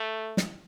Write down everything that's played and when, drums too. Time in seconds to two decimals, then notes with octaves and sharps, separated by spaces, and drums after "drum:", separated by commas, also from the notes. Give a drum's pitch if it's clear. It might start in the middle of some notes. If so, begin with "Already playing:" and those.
Already playing: A3
0.37 drum: snare